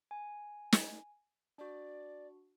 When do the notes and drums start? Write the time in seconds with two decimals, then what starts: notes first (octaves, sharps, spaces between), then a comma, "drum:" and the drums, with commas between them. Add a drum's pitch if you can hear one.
0.11 G#5
0.72 drum: snare
1.58 D4 F#4 D5